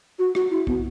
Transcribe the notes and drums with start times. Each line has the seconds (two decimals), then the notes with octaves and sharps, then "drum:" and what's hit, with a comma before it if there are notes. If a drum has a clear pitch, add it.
0.19 F#4
0.35 F#4, drum: rim click
0.51 E4
0.67 B3, drum: kick